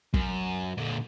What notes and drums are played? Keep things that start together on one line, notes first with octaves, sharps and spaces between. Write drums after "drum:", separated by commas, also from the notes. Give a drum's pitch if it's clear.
F#2, drum: kick
A#2 D3